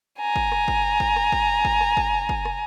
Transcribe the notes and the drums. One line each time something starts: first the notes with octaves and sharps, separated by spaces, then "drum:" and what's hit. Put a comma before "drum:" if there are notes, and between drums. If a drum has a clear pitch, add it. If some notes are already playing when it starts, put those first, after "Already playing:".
G#5 A#5
drum: kick
drum: rim click
drum: kick
drum: kick
drum: rim click
drum: kick
drum: kick
drum: rim click
drum: kick
drum: kick
drum: rim click